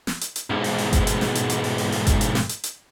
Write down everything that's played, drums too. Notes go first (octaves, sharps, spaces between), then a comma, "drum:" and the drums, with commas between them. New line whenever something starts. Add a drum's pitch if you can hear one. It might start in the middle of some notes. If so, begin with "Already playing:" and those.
drum: snare
drum: hi-hat
drum: hi-hat
B1 G#2
drum: open hi-hat
drum: open hi-hat
drum: kick G1, hi-hat
drum: hi-hat
drum: snare
drum: hi-hat
drum: hi-hat
drum: open hi-hat
drum: open hi-hat
drum: open hi-hat
drum: kick G1, hi-hat
drum: hi-hat
drum: snare
drum: hi-hat
drum: hi-hat